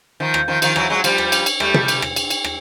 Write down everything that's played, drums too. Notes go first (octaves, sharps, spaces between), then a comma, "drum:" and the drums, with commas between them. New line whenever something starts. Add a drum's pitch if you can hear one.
D#3 F3
drum: rim click
D#3 F3
D#3 F3, drum: cymbal
E3 F#3, drum: rim click
F#3 G#3
F3 G3, drum: cymbal
drum: rim click
drum: cymbal
drum: cymbal
G3 A3, drum: rim click
drum: tom
drum: cymbal
drum: rim click
drum: cymbal
drum: cymbal
drum: rim click